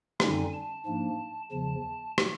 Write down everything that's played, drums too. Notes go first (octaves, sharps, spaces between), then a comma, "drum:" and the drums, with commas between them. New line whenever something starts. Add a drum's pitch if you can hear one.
F#2 D3 G3 C4 D#4 G#5, drum: rim click
A5
G#2 F3 A#3 D4
E2 C#3 F3 A5
drum: rim click